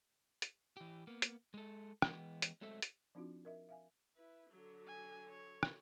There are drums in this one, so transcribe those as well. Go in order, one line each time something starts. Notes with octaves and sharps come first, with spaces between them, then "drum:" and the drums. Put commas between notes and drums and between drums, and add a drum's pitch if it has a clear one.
drum: hi-hat
E3 G4
A#3 B3
drum: hi-hat
G#3 A4
E3 G#3 B3 G5, drum: rim click
drum: hi-hat
F#3 G#3 A3 C4 A4 E5
drum: hi-hat
F3 C4 D4 D#4 F4 F#4
A#4 D#5 E5
E5 F5 G#5
E4 B4
D3 F#3
G#5
C#5
drum: rim click